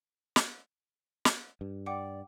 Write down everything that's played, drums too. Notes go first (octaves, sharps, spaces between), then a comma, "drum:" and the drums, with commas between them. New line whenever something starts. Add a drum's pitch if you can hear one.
drum: snare
drum: snare
G2
D5 F#5 G5 D6